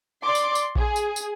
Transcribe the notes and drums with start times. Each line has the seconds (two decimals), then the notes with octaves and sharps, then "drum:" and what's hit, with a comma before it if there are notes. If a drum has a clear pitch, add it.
0.24 D5 C6 D6
0.35 drum: tambourine
0.55 drum: tambourine
0.76 G#4, drum: kick A#1
0.96 drum: tambourine
1.16 drum: tambourine